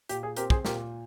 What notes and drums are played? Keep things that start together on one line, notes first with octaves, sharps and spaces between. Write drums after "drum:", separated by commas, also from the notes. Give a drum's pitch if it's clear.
A#2 G4, drum: hi-hat
G#4
C4 G4 A#4, drum: hi-hat
G#4 C5, drum: kick
A#2 G4 A#4, drum: snare